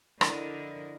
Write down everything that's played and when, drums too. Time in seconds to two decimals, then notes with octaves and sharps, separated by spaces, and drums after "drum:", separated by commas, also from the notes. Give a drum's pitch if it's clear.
0.21 D3 F3 E4 A#4 D#5, drum: rim click